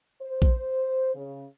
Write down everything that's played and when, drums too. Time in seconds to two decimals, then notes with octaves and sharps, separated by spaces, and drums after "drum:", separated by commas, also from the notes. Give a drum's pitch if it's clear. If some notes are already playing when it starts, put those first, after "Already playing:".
0.22 C5
0.42 drum: kick A#1
1.15 C#3